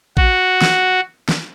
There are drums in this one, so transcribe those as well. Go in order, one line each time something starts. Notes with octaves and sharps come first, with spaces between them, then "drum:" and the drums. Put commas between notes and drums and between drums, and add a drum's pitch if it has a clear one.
F#4, drum: kick A1
drum: snare
drum: snare